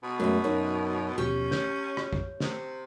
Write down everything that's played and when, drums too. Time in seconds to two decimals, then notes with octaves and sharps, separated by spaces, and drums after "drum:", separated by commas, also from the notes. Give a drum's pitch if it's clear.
0.03 B2
0.20 F#2 G#3 A3 F#4 A#4
0.44 F#2 D#4 A#4 C#5
1.18 D#2 B2 F3 C#4 G4
1.51 C#5 G6, drum: snare
1.97 drum: rim click
2.13 drum: kick
2.40 C3, drum: snare